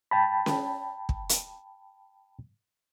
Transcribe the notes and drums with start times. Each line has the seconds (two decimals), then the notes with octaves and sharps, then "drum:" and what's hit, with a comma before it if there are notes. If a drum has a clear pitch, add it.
0.11 G5 A5 B5
0.46 drum: snare C#4
1.09 drum: kick
1.29 drum: hi-hat